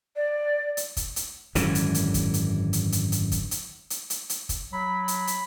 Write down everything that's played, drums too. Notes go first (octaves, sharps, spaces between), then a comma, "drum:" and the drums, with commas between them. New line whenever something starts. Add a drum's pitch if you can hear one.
D5
drum: hi-hat
drum: kick, hi-hat
drum: hi-hat
G#1 F#2 D3 E3, drum: hi-hat
drum: hi-hat
drum: hi-hat
drum: kick, hi-hat
drum: hi-hat
drum: hi-hat
drum: hi-hat
drum: hi-hat
drum: kick, hi-hat
drum: hi-hat
drum: hi-hat
drum: hi-hat
drum: hi-hat
drum: kick, hi-hat
F#3 B5
drum: hi-hat
drum: hi-hat